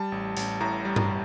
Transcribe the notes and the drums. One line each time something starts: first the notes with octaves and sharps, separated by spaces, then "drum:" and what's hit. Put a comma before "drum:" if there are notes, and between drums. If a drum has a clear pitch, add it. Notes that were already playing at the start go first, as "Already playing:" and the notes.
Already playing: G3 A5
A1
A1, drum: hi-hat
A2 A#5
G3
drum: tom G2